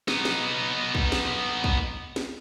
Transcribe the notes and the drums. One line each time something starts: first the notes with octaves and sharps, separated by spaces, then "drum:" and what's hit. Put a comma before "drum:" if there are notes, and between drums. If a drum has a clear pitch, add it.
B3 D#4, drum: snare
drum: snare
drum: kick
drum: snare
drum: kick
drum: snare